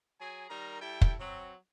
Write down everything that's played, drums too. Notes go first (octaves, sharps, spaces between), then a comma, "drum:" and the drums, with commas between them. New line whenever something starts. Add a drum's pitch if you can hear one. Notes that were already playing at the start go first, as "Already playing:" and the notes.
F#3 G#4 G#5
D#3 G3 A#4 A#5
G3 E4 A4 G5
drum: kick
F#3 C4